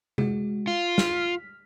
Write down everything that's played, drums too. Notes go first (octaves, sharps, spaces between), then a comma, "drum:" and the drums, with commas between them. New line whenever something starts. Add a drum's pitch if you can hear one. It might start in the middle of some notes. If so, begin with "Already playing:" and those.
G#3 F#4, drum: tom C3
F4
F6 B6, drum: snare